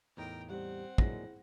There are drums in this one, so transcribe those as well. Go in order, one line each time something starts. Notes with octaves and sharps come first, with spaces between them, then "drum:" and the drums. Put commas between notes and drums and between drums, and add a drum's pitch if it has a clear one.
E2 A2 D#4 A#4 G5
G3 C4 F#5
A#2 F#3 G#3 E4 G#4 A#6, drum: kick